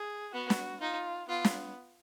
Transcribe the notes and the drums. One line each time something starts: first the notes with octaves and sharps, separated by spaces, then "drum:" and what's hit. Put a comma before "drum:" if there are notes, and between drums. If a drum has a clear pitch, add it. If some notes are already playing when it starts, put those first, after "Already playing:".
Already playing: G#4
B3 F#4
drum: snare
D#4 F4
B3 F4
drum: snare